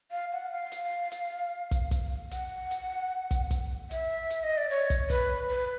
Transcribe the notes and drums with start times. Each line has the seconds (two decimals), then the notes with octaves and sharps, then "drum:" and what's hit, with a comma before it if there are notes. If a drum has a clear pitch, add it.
0.11 F5
0.32 F#5
0.51 F5
0.72 drum: hi-hat
1.12 drum: hi-hat
1.71 drum: kick, hi-hat
1.91 drum: kick, hi-hat
2.31 F#5, drum: hi-hat
2.71 drum: hi-hat
3.31 drum: kick, hi-hat
3.51 drum: kick, hi-hat
3.91 E5, drum: hi-hat
4.30 drum: hi-hat
4.43 D#5
4.57 D5
4.70 C#5
4.90 drum: kick, hi-hat
5.10 B4, drum: kick, hi-hat
5.50 B4